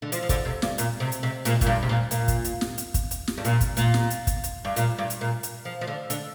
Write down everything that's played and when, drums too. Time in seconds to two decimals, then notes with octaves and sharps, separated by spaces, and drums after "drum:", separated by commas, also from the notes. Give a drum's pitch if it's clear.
0.02 D3
0.12 F3, drum: hi-hat
0.23 F3
0.29 D3, drum: kick, hi-hat
0.45 C3
0.62 G2, drum: snare
0.78 A#2, drum: hi-hat
1.00 C3
1.12 drum: hi-hat
1.23 C3
1.45 A#2, drum: hi-hat
1.61 A#2, drum: kick, hi-hat
1.67 G2
1.83 C3
1.89 A#2
2.11 A#2, drum: hi-hat
2.28 drum: kick, hi-hat
2.45 drum: hi-hat
2.61 drum: snare
2.78 drum: hi-hat
2.94 drum: kick, hi-hat
3.11 drum: hi-hat
3.27 drum: snare
3.38 G2
3.45 A#2, drum: hi-hat
3.61 drum: kick, hi-hat
3.77 A#2, drum: hi-hat
3.94 drum: snare
4.10 drum: hi-hat
4.27 drum: kick, hi-hat
4.44 drum: hi-hat
4.65 G2
4.76 A#2, drum: hi-hat
4.98 G2
5.10 drum: hi-hat
5.21 A#2
5.43 drum: hi-hat
5.65 F3
5.81 F3
5.87 D3
6.10 D3, drum: hi-hat